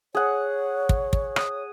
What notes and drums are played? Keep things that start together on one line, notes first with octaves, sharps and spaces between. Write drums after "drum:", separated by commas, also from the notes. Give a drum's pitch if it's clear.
G#4 C#5 F#5
drum: kick
drum: kick
D#6, drum: rim click